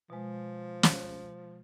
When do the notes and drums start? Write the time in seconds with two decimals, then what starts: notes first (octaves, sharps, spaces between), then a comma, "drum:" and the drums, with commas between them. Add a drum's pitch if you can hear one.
0.10 B2 F3 G#3
0.83 drum: snare